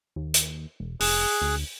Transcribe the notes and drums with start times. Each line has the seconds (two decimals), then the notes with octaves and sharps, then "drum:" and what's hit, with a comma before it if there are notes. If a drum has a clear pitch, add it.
0.16 D#2
0.34 drum: hi-hat
0.80 E1
1.00 F1 G#4 F#6, drum: open hi-hat
1.42 D2